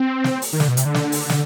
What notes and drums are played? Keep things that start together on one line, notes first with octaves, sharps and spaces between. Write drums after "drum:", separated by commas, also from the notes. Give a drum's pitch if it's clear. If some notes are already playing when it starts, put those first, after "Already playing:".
Already playing: C4
drum: snare
drum: open hi-hat
D#3
D3, drum: snare
B2
C3, drum: hi-hat
D3
drum: snare
drum: open hi-hat
drum: snare